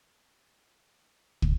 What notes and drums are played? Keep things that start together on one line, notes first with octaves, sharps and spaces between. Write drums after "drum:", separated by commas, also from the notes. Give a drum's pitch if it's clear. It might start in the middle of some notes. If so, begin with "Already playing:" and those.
D4 A4 C#5 D5
A3 D4 G#4 F5
drum: kick